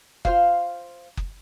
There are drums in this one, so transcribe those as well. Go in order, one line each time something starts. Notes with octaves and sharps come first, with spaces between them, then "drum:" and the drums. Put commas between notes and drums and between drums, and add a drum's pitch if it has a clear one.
F4 C5 F5, drum: kick F#1
drum: kick F#1